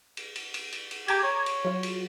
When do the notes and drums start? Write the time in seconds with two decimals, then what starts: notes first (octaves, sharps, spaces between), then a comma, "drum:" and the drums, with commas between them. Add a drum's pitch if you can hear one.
0.17 drum: cymbal
0.36 drum: cymbal
0.54 drum: cymbal
0.72 drum: cymbal
0.91 drum: cymbal
1.08 G4 A#5 D6 G#6, drum: cymbal
1.23 C#5
1.46 drum: cymbal
1.65 F#3 F4
1.83 drum: cymbal